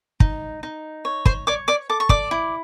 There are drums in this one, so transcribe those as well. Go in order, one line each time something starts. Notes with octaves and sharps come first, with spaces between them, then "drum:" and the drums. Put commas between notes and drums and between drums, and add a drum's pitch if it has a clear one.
D#4, drum: kick
D#4
C#5
C5 C6, drum: kick
C#5 D5 D6
D5 D6
A4 D6
C#6
D5 D6, drum: kick
E4